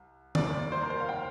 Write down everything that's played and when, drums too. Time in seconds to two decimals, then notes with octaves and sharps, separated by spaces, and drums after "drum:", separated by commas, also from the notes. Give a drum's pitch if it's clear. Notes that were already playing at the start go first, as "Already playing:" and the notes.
Already playing: C2
0.35 F1 D#2 D#3 G3 D5, drum: tom
0.47 D5
0.60 D5
0.72 C5
0.81 A#4
0.90 C5
1.00 F5
1.09 G5